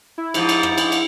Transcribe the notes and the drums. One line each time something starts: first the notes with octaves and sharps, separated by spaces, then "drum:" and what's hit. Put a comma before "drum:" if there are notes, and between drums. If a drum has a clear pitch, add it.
E4
G#2 F3, drum: cymbal
drum: cymbal
drum: rim click
drum: cymbal
drum: cymbal